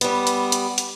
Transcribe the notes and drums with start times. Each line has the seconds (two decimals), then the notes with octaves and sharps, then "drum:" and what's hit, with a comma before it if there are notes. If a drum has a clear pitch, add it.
0.01 G3 B3, drum: hi-hat
0.27 drum: hi-hat
0.52 drum: hi-hat
0.78 drum: hi-hat